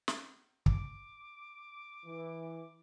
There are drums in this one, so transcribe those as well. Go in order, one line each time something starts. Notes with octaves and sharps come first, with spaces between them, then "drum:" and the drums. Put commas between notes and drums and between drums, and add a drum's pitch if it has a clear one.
drum: snare
D6, drum: kick
E3